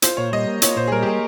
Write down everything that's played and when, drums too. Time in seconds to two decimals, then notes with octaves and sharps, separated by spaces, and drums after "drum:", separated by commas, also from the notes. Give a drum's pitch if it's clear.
0.02 F4 C5, drum: hi-hat
0.17 A#2 C#5
0.32 G3 D#5
0.47 A#3
0.62 F4 C#5, drum: hi-hat
0.76 A#2 C5
0.87 G#4
0.91 G3 A#4
1.03 G4
1.06 A#3 G#4